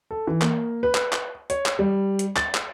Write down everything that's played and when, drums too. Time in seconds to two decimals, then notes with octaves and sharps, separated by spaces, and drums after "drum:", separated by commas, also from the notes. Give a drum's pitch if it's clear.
0.11 A4
0.27 E3
0.42 A#3, drum: clap
0.83 B4
0.95 drum: clap
1.13 drum: clap
1.50 C#5, drum: hi-hat
1.66 drum: clap
1.79 G3
2.19 drum: hi-hat
2.36 A6, drum: clap
2.55 drum: clap